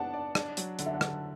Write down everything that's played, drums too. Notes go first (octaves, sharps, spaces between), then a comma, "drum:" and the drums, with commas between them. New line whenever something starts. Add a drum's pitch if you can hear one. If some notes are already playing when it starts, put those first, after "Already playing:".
Already playing: B3 D4 D5 F#5 A5
D5
D4, drum: rim click
F#3, drum: hi-hat
D3 F#5, drum: hi-hat
E5
F#5
D3, drum: rim click